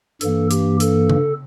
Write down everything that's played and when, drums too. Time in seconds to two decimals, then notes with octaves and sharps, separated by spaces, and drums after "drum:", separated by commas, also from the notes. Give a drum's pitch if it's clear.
0.21 G2 E3 A#3 A4, drum: hi-hat
0.51 G4, drum: hi-hat
0.80 A4, drum: hi-hat
1.09 drum: tom C#3